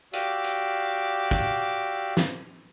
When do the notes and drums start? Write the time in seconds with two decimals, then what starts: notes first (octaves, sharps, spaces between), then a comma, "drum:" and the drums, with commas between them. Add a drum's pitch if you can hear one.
0.13 F#4 G4 D5 F5 E6, drum: hi-hat
0.44 drum: hi-hat
1.31 drum: kick
2.17 drum: snare